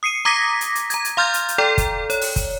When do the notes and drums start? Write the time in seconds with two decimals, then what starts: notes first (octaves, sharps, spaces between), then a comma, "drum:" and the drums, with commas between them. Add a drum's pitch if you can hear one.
0.03 D#6 C7 C#7 D#7
0.25 A#5 D6 D#6 G#6 A#6 B6
0.61 drum: hi-hat
0.75 drum: hi-hat
0.90 A#5 G#6, drum: hi-hat
1.05 drum: hi-hat
1.17 F5 C6 F6 G6 A6
1.34 drum: hi-hat
1.48 drum: hi-hat
1.58 A4 D5 G5 A#5
1.78 drum: kick, hi-hat
2.10 C#5, drum: hi-hat
2.22 drum: open hi-hat
2.36 drum: kick, hi-hat